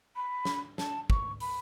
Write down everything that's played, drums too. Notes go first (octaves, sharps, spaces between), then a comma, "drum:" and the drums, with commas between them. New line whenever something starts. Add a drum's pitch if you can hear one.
B5
drum: snare
A5, drum: snare
C#6, drum: kick
B5, drum: open hi-hat